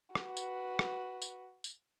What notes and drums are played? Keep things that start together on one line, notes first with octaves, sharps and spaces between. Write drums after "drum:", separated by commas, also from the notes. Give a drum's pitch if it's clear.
F#4 B4, drum: rim click
drum: tambourine
drum: rim click
drum: tambourine
drum: tambourine